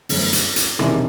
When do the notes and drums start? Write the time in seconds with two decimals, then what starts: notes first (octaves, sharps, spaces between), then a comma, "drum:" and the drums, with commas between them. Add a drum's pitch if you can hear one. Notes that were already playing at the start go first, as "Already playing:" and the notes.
0.09 G1 F#2 E3 A3 E4, drum: open hi-hat
0.33 drum: hi-hat
0.56 drum: hi-hat
0.79 E1 E2 C3 D#3, drum: rim click